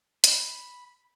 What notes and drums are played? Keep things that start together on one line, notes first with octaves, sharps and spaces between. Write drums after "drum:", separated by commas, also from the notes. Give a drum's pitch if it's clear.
B5, drum: hi-hat